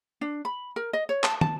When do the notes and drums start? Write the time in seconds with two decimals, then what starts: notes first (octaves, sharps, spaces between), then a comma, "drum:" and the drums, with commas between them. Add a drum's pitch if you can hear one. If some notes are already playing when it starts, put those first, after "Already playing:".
0.21 D4
0.45 B5
0.76 A#4
0.93 D#5
1.09 C#5
1.24 A5, drum: clap
1.41 A5, drum: tom